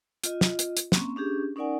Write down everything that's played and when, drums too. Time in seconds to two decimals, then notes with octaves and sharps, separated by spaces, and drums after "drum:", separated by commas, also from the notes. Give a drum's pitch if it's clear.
0.24 F4 D#5, drum: hi-hat
0.41 drum: snare
0.59 drum: hi-hat
0.77 drum: hi-hat
0.92 A#3 C4 C#4 C#6, drum: snare
1.16 C#4 D4 G4 G#4
1.56 C#4 D#4 A#4 D5 F#5 G#5